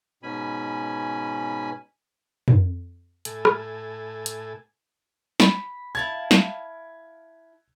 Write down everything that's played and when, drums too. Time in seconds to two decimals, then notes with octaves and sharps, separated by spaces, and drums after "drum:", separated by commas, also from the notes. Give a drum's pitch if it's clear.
0.23 G#2 B2 C#4 G#5 B5
2.48 drum: tom
3.25 A2 A4 G#5, drum: hi-hat
3.45 drum: rim click
4.26 drum: hi-hat
5.40 B5, drum: snare
5.95 E4 F5 A5 G#6
6.31 drum: snare